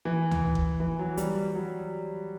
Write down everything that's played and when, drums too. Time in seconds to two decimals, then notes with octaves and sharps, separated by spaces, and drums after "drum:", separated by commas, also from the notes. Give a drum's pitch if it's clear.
0.05 E3
0.31 drum: tom D2
0.55 drum: kick G1
0.80 E3
0.99 F#3
1.17 G3, drum: hi-hat
1.55 F#3